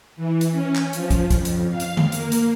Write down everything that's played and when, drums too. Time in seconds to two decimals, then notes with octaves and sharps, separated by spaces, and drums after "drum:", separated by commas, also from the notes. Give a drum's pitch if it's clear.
0.16 E3
0.41 drum: hi-hat
0.52 C#4
0.76 drum: clap
0.93 F3, drum: hi-hat
1.10 drum: kick, hi-hat
1.30 F2, drum: kick, hi-hat
1.45 drum: hi-hat
1.70 F5
1.80 drum: hi-hat
1.97 drum: tom D3
2.12 A#3, drum: hi-hat
2.32 drum: hi-hat